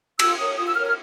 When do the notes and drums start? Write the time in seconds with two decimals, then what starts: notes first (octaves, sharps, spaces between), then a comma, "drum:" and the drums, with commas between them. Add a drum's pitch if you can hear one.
0.19 F4 E6, drum: cymbal
0.38 A#4 C#5 D#6
0.57 F4 D#6
0.67 E6
0.75 A#4 C#5 F6
0.86 F6